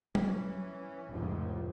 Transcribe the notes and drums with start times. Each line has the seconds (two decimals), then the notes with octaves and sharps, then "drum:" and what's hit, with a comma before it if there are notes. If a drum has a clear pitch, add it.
0.15 E3 C#4, drum: tom F#3
1.11 F1 C#2 A2 F3